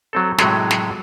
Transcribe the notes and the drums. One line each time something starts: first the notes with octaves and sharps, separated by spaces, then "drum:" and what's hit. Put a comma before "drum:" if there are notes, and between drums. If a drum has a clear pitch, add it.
F#3 C4 A4
A2 C3 F#3 G#3 A3, drum: snare
drum: snare